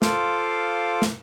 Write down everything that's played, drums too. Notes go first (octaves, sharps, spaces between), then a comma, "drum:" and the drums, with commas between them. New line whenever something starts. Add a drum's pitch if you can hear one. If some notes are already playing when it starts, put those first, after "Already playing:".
F4 A4 C5 F5 D6, drum: snare
drum: snare